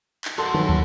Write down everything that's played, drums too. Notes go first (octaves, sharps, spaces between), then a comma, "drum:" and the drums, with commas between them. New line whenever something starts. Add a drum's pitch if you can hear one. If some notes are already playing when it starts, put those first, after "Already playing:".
drum: clap
F#4 A4 A#4 F#5 C6
D#3 E3 F#3
drum: kick